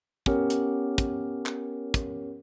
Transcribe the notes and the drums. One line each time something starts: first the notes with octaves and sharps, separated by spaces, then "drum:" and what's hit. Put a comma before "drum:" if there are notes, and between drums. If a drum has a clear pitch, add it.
B3 C#4 G4 A#4 C#5, drum: kick
drum: hi-hat
drum: kick, hi-hat
drum: clap
drum: kick, hi-hat